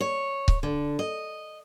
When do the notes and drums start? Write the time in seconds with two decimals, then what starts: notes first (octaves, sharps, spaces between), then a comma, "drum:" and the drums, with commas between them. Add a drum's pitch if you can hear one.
0.01 C#5
0.48 drum: kick C#1
0.63 D3
0.99 D#5